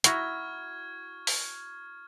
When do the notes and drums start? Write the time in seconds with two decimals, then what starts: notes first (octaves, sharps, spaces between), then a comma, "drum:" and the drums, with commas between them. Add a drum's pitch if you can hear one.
0.04 E4 F#4 A#5 C#6 F6 G#6, drum: hi-hat
1.27 drum: open hi-hat